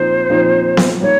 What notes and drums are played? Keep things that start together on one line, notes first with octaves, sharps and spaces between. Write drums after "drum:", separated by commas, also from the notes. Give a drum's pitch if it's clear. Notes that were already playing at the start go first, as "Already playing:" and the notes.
Already playing: A#2 F3 C4 D#4 C5
A#2 F3 C4 D#4
drum: snare B3
G3 A#3 D#4 C#5